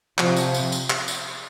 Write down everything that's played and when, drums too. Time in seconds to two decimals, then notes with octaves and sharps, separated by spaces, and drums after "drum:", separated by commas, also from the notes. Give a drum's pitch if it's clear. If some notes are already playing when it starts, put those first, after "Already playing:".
0.18 C3 F3, drum: clap
0.37 drum: tambourine
0.54 drum: tambourine
0.72 drum: tambourine
0.90 drum: clap
1.08 drum: tambourine